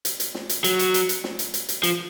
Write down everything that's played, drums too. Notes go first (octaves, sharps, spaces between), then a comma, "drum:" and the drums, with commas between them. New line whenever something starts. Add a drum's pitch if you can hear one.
drum: hi-hat
drum: hi-hat
drum: snare
drum: hi-hat
F#3, drum: hi-hat
drum: hi-hat
drum: hi-hat
drum: hi-hat
drum: snare
drum: hi-hat
drum: hi-hat
drum: hi-hat
F3, drum: hi-hat